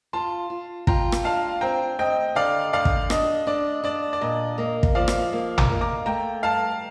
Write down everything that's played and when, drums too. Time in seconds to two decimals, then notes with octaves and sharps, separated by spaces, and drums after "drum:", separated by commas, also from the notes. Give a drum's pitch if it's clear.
0.13 F4 A5 C6
0.50 F4
0.87 F4 G5 A#5, drum: kick
1.12 drum: rim click
1.24 D4 F5 A5
1.61 C4 G5 A#5
1.99 C4 D#5 G5
2.35 D3 D5 F5
2.73 D3 D5 F5
2.85 drum: kick
3.10 D4 D#5, drum: rim click
3.47 D4 D5
3.83 D4 D5
4.13 D5
4.21 A#2 D#5
4.58 A#3 D#5
4.83 drum: kick
4.95 F3 D5 F5
5.08 drum: rim click
5.33 A#3
5.58 A#5 D6, drum: tom
5.69 A#3
5.81 A#5 D6
6.06 A3 G5 A#5
6.43 G2 F5 A5